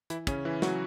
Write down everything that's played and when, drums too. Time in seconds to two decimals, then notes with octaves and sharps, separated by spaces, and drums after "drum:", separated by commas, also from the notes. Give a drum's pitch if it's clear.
0.10 E3 E4, drum: hi-hat
0.27 C#3 C#4, drum: kick, hi-hat
0.45 E3 E4
0.62 F#3 F#4, drum: snare